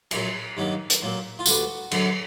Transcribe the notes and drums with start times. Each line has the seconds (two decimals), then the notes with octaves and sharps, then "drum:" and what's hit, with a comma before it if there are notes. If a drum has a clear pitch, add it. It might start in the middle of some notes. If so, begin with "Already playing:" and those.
0.11 A#1 A#2 F#3 G#4, drum: cymbal
0.57 G2 D#3 F#3 A#3
0.90 drum: hi-hat
1.02 A#2 F#3 A#3
1.39 F4
1.46 D2 D3 G3 B3 F#4, drum: tambourine
1.91 F#2 D3 F#3 B3, drum: cymbal